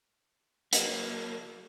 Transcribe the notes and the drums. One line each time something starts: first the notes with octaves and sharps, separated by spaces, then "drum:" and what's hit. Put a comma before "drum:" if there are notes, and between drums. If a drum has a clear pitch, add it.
F#3 A#3, drum: hi-hat